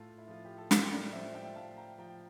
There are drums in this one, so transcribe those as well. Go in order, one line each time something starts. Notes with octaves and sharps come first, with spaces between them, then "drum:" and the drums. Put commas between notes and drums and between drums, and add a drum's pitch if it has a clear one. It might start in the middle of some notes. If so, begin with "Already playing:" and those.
Already playing: A2 F4 A4
E4
F3 F4
G4
A4
A2 G4 A#4, drum: snare
A#4 D5
F3 C5 E5
E5 G5
A2 F5 A5
G5 A#5
F3 G5 A#5